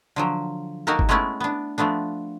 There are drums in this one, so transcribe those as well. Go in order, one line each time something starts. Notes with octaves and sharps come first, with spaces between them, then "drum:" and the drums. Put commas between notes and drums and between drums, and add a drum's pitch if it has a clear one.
D3 F3 F#3
A#3 D#4 F#4 G4 A4 A#4
drum: kick G1
G#3 A3 B3 C#4 E4
B3 D4
F3 A3 B3 D4